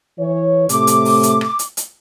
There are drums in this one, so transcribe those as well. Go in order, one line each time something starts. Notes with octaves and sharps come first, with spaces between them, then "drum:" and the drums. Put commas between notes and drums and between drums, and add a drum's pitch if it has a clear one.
E3 C#5
A2 C3 A3 D6, drum: hi-hat
drum: hi-hat
drum: open hi-hat
drum: hi-hat
drum: rim click
drum: hi-hat
drum: hi-hat